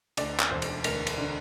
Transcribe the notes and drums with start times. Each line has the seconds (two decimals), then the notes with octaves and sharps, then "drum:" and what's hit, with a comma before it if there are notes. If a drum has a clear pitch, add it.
0.17 D2 D5, drum: cymbal
0.40 drum: clap
0.51 E1 C5
0.62 drum: cymbal
0.84 D2 A#4, drum: cymbal
1.07 drum: cymbal
1.18 D3